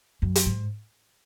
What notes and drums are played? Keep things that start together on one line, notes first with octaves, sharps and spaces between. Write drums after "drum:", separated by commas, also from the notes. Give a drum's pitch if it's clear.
F#2
drum: hi-hat
G#2